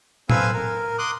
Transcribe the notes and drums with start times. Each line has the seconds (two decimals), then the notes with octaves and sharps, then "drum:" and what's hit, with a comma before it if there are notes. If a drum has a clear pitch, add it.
0.30 C4 A4 B4 F5 G#5 E6, drum: tom A2
0.53 A#4
0.98 C6 D6 D#6 F#6